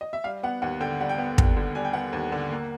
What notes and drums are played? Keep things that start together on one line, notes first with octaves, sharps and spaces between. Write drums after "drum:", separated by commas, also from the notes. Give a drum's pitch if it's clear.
D#5
E5
G3 F5
B3 F#5
D#2 F#5
D3 G5
G3 F#5
G5
B3
D#2, drum: kick
D3
G3 G#5
G5
B3 F#5
D#2
D3
A#3